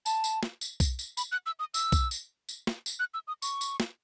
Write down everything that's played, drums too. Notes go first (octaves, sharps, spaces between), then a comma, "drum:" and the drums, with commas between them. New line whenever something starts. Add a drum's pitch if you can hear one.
A5, drum: tambourine
drum: tambourine
drum: snare
drum: tambourine
drum: kick B1, tambourine
drum: tambourine
B5, drum: tambourine
F#6
E6
D#6
E6, drum: tambourine
drum: kick B1, tambourine
drum: tambourine
drum: tambourine
drum: snare
drum: tambourine
F#6
E6
D#6
C#6, drum: tambourine
drum: tambourine
drum: snare